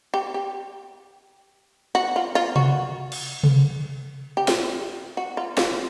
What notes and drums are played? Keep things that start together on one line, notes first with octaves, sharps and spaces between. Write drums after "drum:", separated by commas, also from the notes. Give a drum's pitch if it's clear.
G4
G4
F#4
F4
F4
F#4, drum: tom C3
drum: cymbal
drum: tom C3
G4
drum: snare
F#4
F4
F4, drum: snare